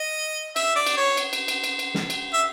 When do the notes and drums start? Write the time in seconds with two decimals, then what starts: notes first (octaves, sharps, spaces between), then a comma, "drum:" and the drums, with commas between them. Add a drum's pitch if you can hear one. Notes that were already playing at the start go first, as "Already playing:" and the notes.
Already playing: D#5
0.56 E5, drum: cymbal
0.76 D5
0.87 drum: cymbal
0.97 C#5
1.17 drum: cymbal
1.33 drum: cymbal
1.48 drum: cymbal
1.64 drum: cymbal
1.79 drum: cymbal
1.94 drum: snare
2.10 drum: cymbal
2.33 E5